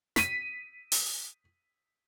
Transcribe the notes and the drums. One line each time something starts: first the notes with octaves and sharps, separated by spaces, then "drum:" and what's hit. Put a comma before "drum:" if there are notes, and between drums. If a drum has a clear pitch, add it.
B6 D#7, drum: snare
drum: open hi-hat